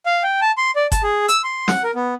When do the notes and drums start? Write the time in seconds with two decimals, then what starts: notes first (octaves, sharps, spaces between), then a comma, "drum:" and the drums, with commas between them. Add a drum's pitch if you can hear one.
0.06 F5
0.23 G5
0.41 A5
0.58 C6
0.76 D5
0.92 A5, drum: kick G1, hi-hat
1.03 G#4
1.28 E6, drum: hi-hat
1.44 C6
1.68 F#5, drum: snare
1.83 A#4
1.95 B3